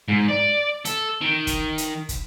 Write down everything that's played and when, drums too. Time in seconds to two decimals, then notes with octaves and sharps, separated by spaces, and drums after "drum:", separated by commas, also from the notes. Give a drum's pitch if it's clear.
0.08 G#2
0.29 D5
0.85 A4, drum: hi-hat
1.21 D#3
1.47 drum: kick, hi-hat
1.78 drum: hi-hat
2.09 drum: kick, hi-hat